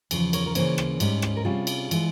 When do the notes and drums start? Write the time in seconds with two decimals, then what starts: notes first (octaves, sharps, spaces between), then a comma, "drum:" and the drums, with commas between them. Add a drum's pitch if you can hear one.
0.11 E2 C#3 F3, drum: cymbal
0.33 A#4 C#5, drum: cymbal
0.46 A#4
0.55 C#3 E3 A#3 C#4 G#4 C5, drum: cymbal
0.78 drum: rim click
1.00 G#2 G3 C#4, drum: cymbal
1.22 drum: rim click
1.37 A#4
1.45 C3 G3 C#4 F4 G#4
1.67 drum: cymbal
1.91 E3 G#3, drum: cymbal